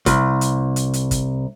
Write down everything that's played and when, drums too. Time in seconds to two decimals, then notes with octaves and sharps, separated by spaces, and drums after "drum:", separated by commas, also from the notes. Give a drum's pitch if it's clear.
0.06 C2, drum: kick, hi-hat
0.41 drum: hi-hat
0.76 drum: hi-hat
0.93 drum: hi-hat
1.11 drum: kick, hi-hat